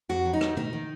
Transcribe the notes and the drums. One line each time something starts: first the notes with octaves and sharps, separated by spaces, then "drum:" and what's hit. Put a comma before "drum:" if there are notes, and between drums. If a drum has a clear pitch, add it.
F2 F#4
F#3
D#4
D#3, drum: rim click
D#3 D#4, drum: tom B2
D#3